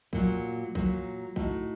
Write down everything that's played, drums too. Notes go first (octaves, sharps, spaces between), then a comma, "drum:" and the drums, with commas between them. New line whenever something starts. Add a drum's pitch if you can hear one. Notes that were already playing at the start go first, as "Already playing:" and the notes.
A#2 F#3 A#3, drum: kick
A#2 F#3 A#3, drum: kick
A2 A3 D#4 F#4, drum: kick